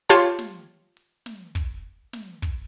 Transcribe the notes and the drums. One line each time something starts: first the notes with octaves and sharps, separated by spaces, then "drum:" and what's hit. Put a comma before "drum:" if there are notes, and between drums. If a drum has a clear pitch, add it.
F4 G4 C#5 A5
drum: snare
drum: open hi-hat
drum: snare
drum: kick, hi-hat
drum: snare
drum: kick